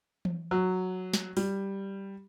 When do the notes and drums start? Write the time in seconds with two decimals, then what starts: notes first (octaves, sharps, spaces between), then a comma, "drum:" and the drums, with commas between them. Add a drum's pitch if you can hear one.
0.25 drum: tom E3
0.51 F#3
1.14 drum: snare
1.37 G3, drum: open hi-hat